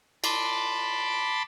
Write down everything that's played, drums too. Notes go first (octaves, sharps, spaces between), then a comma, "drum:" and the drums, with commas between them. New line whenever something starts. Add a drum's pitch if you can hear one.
A5 B5 C6 D6, drum: cymbal